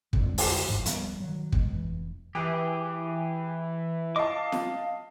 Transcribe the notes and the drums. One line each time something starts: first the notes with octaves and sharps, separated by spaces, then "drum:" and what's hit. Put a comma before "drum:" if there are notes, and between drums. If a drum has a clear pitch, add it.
C2 F2 D3 G#3, drum: kick
drum: open hi-hat
G1 D2 G#2 F3
D1 F3 G3 B3, drum: hi-hat
D#3 F#3
E2 G#3, drum: kick
F1 E3
E3 G4 G#4
D#5 F5 A5 D6
drum: snare